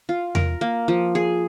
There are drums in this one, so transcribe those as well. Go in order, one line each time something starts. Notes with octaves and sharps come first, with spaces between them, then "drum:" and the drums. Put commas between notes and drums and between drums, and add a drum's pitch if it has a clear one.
F4
A#4, drum: tom E2
A#3
F3
G#4